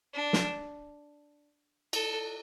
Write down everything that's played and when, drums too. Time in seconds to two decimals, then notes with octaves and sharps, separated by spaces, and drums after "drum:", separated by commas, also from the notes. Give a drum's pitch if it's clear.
0.14 D4
0.33 drum: snare
1.93 A4, drum: cymbal